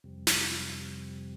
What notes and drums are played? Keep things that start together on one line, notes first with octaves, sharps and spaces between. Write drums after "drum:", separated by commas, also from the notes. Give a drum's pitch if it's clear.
F2 C3 G3
drum: snare